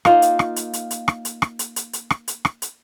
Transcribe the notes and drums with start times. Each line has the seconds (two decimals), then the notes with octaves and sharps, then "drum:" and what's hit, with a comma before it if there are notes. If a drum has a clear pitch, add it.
0.05 A#3 D#4 F4, drum: rim click
0.22 drum: hi-hat
0.39 drum: rim click
0.56 drum: hi-hat
0.73 drum: hi-hat
0.91 drum: hi-hat
1.08 drum: rim click
1.25 drum: hi-hat
1.42 drum: rim click
1.59 drum: hi-hat
1.76 drum: hi-hat
1.93 drum: hi-hat
2.10 drum: rim click
2.28 drum: hi-hat
2.45 drum: rim click
2.62 drum: hi-hat